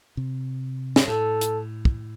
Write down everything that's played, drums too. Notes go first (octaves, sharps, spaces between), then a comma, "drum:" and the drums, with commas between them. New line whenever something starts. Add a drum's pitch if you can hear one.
C3
G2, drum: snare
A2 A4
drum: hi-hat
drum: kick